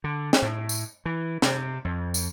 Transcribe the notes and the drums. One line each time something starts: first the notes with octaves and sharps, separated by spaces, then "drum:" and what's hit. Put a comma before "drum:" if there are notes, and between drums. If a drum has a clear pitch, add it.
D3
drum: snare
A2
drum: tambourine
E3
C3, drum: snare
F2
drum: tambourine